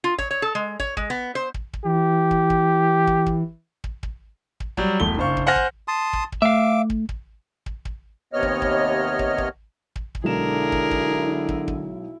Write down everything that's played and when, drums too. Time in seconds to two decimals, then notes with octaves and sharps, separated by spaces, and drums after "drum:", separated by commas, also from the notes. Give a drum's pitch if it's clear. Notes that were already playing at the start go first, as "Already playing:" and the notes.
0.04 F4
0.18 C#5, drum: kick
0.31 C#5
0.42 A4
0.55 G#3
0.80 C#5, drum: kick
0.97 G#3, drum: kick
1.10 B3
1.35 C5
1.54 drum: kick
1.74 drum: kick
1.84 E3 G4
2.31 drum: kick
2.50 drum: kick
3.07 drum: kick
3.26 drum: kick
3.84 drum: kick
4.03 drum: kick
4.60 drum: kick
4.77 F#3 G3, drum: kick
5.00 E1 A3 G7
5.17 F#1 D4 C5 F5 C#6
5.37 drum: kick
5.46 C5 F#5 G#5 F6 A#6
5.56 drum: kick
5.88 A5 C6 D#6
6.13 drum: kick
6.32 drum: kick
6.42 A3 E5 F5 D6
6.90 drum: kick
7.09 drum: kick
7.66 drum: kick
7.85 drum: kick
8.33 D#2 C3 B3 C#5 D#5 F6
8.43 drum: kick
8.62 drum: kick
9.19 drum: kick
9.38 drum: kick
9.96 drum: kick
10.15 drum: kick
10.24 B1 D3 G#3 E4 G#4 A#4 E7
10.72 drum: kick
10.91 drum: kick
11.49 drum: kick
11.68 drum: kick